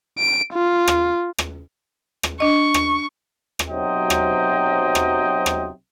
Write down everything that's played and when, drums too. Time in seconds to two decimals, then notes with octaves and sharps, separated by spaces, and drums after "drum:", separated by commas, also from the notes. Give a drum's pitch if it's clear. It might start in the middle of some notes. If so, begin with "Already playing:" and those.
0.19 D7
0.53 F4
0.88 drum: rim click
1.38 drum: rim click
2.23 drum: rim click
2.40 D4 D#5 C#6
2.74 drum: rim click
3.59 drum: rim click
3.69 B1 C3 F#3 C5 D#5 G5
4.10 drum: rim click
4.95 drum: rim click
5.46 drum: rim click